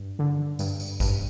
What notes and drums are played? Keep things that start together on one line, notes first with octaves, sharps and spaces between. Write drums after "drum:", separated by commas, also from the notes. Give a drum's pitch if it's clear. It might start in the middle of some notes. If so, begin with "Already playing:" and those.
Already playing: G2
D3
G2, drum: tambourine
drum: tambourine
G2, drum: kick A1, tambourine